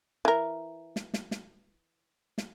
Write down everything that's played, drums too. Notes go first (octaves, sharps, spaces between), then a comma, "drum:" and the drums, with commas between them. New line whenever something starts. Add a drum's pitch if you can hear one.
E3 A#4
drum: snare
drum: snare
drum: snare
drum: snare